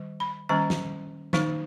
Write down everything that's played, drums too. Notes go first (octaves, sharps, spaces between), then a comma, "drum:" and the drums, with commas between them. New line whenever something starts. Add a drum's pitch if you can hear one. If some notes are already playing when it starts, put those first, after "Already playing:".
Already playing: D#3 G3
B5
D#3 G3 A#3 C#4 A#5
drum: snare
D#3 A#3 D#4, drum: snare